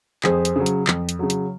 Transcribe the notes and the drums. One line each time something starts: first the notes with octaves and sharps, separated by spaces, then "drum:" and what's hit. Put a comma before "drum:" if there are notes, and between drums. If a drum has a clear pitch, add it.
F2 G#4 C5, drum: clap
drum: hi-hat
C#3 F#3
drum: hi-hat
F2, drum: clap
drum: hi-hat
C#3 F#3
drum: hi-hat